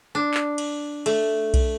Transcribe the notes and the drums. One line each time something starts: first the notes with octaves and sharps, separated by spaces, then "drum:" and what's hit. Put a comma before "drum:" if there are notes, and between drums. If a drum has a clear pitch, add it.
D4
drum: clap
drum: cymbal
A3, drum: cymbal
drum: kick B1, cymbal